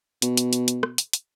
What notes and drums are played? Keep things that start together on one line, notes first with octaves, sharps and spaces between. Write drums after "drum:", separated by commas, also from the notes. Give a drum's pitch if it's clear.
B2, drum: hi-hat
drum: hi-hat
drum: hi-hat
drum: hi-hat
drum: rim click
drum: hi-hat
drum: hi-hat